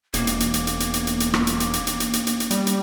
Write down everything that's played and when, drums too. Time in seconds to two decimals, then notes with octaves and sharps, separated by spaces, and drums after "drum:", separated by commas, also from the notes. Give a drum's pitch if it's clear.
0.14 E1 A#3, drum: hi-hat
0.27 drum: hi-hat
0.40 drum: hi-hat
0.54 drum: hi-hat
0.67 drum: hi-hat
0.80 drum: hi-hat
0.94 drum: hi-hat
1.07 drum: hi-hat
1.20 drum: hi-hat
1.34 drum: rim click
1.47 drum: hi-hat
1.60 drum: hi-hat
1.73 drum: hi-hat
1.87 drum: hi-hat
2.00 drum: hi-hat
2.13 drum: hi-hat
2.27 drum: hi-hat
2.40 drum: hi-hat
2.51 G3, drum: hi-hat
2.67 drum: hi-hat